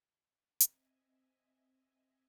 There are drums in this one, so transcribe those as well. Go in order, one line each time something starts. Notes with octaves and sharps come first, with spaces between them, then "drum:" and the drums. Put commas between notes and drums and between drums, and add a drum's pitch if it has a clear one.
C4 D#5 E5 G#5, drum: hi-hat